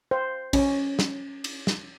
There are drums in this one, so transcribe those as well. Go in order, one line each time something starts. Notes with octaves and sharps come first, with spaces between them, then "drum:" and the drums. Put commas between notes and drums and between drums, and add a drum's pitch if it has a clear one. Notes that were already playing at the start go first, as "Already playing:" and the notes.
C5
C#4, drum: kick, cymbal
drum: snare
drum: cymbal
drum: snare